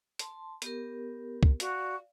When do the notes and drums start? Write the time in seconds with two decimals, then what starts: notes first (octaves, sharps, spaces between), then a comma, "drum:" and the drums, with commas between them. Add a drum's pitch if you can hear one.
0.19 A5 C6, drum: hi-hat
0.62 B3 G4 A#4, drum: hi-hat
1.43 drum: kick C2
1.60 F#4 D5 F5, drum: hi-hat